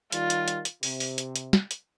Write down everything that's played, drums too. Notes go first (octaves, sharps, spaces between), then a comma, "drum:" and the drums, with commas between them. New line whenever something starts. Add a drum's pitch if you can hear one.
D#3 G3 F4, drum: hi-hat
drum: hi-hat
drum: hi-hat
drum: hi-hat
C3, drum: open hi-hat
drum: open hi-hat
drum: hi-hat
drum: hi-hat
drum: snare
drum: hi-hat